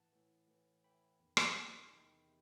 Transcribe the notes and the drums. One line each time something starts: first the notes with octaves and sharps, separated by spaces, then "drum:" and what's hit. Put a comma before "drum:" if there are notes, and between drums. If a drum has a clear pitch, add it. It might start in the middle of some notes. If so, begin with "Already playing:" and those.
Already playing: A2 E3 F#5 A5
A2 E3
A2 E3
A2 E3 G5 B5
E2 D#3
drum: rim click
B5
E2 D#3 A5 C6
A5
E2 C3 D#3 G5 B5
C3